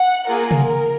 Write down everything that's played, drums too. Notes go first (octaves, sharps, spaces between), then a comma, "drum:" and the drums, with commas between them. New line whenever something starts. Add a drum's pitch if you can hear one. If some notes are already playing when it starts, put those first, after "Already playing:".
Already playing: F#5
A#3 F4 G#4 A#4
drum: tom C3